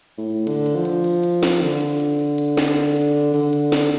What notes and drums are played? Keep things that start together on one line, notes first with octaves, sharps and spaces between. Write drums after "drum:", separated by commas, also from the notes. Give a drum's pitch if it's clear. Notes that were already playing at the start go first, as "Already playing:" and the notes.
A2
D3, drum: hi-hat
drum: hi-hat
F3
drum: hi-hat
drum: open hi-hat
drum: hi-hat
drum: snare
D3, drum: hi-hat
drum: hi-hat
drum: hi-hat
drum: open hi-hat
drum: hi-hat
drum: snare
drum: hi-hat
drum: hi-hat
D3, drum: open hi-hat
drum: hi-hat
drum: snare